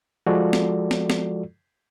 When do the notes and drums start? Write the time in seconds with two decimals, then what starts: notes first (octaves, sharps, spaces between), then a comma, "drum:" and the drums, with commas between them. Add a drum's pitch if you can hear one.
0.27 F3 G#3 F4 F#4 A4 D5
0.53 drum: snare
0.91 drum: snare
1.10 drum: snare